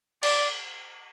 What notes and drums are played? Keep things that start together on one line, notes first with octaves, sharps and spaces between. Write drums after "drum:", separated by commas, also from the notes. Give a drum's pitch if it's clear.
D5, drum: cymbal